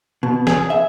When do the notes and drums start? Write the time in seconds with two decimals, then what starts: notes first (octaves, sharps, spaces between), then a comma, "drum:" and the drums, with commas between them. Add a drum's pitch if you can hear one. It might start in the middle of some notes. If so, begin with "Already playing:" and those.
0.23 B2
0.47 G#4, drum: snare
0.70 E5